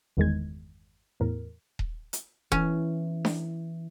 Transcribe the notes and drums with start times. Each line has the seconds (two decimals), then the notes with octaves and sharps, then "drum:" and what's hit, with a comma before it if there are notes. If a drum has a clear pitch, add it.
0.17 G1 E2 D#3 G#3 G#6
1.20 E2 A2 A#4
1.79 drum: kick D#1
2.13 drum: hi-hat
2.52 E3 C#4, drum: kick D#1
3.25 drum: snare D4